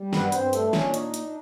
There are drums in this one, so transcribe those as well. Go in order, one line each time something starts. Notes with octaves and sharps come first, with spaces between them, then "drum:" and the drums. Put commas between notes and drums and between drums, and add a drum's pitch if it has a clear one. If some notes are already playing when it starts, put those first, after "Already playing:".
Already playing: G3
G2 B3 B4, drum: snare
G2 C4 C5, drum: hi-hat
A3 D4 A4, drum: hi-hat
A#2 C#4 C#5, drum: snare
D4 D#4 D#5, drum: hi-hat
D4, drum: hi-hat